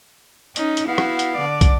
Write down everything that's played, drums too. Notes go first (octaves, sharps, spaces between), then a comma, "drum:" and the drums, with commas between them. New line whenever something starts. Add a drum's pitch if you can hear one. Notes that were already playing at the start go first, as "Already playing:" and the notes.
C#4 D#4, drum: hi-hat
drum: hi-hat
B3 E4 F#4 F5
drum: rim click
drum: hi-hat
D3 D5
drum: kick, hi-hat